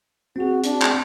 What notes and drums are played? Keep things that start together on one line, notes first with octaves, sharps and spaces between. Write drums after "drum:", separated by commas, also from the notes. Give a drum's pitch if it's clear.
C4 F#4 G#4
D4, drum: hi-hat
drum: clap